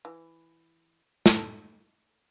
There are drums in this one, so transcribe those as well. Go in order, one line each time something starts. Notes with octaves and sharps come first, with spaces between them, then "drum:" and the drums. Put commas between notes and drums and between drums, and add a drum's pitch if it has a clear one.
E3
A3 D#4 A4, drum: snare